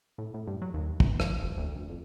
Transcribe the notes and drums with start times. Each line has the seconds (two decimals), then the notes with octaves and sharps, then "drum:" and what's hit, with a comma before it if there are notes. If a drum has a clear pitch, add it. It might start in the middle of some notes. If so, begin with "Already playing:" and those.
0.18 A2
0.34 A2
0.47 G2
0.62 F#3
0.74 D#2
1.00 A1, drum: kick
1.20 F3, drum: rim click
1.41 E1
1.58 D2
1.75 D2
1.90 F2